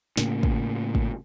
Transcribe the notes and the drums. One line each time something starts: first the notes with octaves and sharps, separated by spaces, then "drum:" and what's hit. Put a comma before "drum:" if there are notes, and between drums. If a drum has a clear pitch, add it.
A2 C#3 A#3, drum: snare
drum: kick
drum: kick